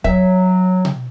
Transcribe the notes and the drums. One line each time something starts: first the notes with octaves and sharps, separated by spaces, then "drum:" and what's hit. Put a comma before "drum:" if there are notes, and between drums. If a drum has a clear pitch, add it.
F#3 E5, drum: kick
drum: tom B2